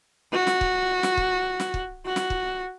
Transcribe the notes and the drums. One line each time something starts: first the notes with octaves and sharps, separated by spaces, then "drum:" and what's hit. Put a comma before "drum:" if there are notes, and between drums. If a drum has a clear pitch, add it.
F#4
drum: snare
drum: kick
drum: snare
drum: kick
drum: snare
drum: kick
F#4
drum: snare
drum: kick